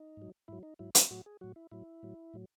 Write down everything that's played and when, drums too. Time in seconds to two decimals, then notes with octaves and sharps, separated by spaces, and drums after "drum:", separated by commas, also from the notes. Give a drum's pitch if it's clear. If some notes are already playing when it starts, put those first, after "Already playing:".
Already playing: D#4
0.17 G#2 F#3
0.48 G#2 F#3 E4
0.63 D#4
0.79 G#2 F#3 E4
0.95 F#4, drum: hi-hat
1.11 A2 F#3 F#4
1.26 G#4
1.41 A2 F#3 F#4
1.56 E4
1.71 A2 F#3 E4
2.03 A2 F#3
2.34 A2 F#3